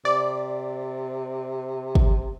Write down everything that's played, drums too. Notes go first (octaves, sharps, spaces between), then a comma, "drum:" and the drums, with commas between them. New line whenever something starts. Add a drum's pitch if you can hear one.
C3 D5
drum: kick